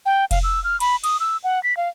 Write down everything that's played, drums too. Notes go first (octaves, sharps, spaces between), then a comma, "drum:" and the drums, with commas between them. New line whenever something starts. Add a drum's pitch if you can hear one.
G5
F5, drum: kick F1, cymbal
E6
F6
B5, drum: cymbal
D#6, drum: cymbal
E6
F#5
B6
F5